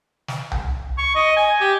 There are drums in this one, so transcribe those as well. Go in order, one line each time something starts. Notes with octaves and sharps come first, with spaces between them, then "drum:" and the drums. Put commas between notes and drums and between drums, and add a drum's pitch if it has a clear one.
drum: snare
drum: tom C2
C#6
D#5
G#5
G4